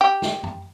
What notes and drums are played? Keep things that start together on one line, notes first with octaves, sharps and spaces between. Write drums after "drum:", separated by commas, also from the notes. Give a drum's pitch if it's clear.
G4
drum: snare
drum: tom F#2